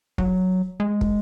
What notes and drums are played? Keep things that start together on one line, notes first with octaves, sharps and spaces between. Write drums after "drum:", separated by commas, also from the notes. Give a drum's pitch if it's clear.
F#3, drum: kick
G#3
drum: kick